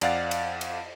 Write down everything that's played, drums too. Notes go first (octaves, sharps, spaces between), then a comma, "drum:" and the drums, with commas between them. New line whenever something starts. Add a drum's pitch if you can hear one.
F2 D5 F5 F#5 A6, drum: cymbal
drum: cymbal
drum: cymbal